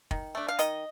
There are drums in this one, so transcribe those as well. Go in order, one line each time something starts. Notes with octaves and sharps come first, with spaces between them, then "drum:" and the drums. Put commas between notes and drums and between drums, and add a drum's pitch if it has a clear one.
D#3, drum: kick
A3 D4
F5
D#3 D#5, drum: hi-hat